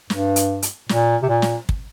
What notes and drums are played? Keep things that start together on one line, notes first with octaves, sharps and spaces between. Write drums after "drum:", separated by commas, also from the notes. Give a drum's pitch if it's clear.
G2, drum: snare
drum: hi-hat
drum: hi-hat
A#2, drum: snare
C3
A#2
drum: snare
drum: kick